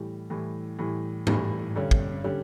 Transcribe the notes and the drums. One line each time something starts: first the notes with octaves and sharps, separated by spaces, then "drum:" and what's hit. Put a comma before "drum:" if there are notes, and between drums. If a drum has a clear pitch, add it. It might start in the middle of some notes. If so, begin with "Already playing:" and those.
Already playing: A2 E3 G3
A2 E3 G3
A2 E3 G3
A2 E3 G3, drum: tom
G2 D3 G3 C#4
drum: kick
D3 G3 C#4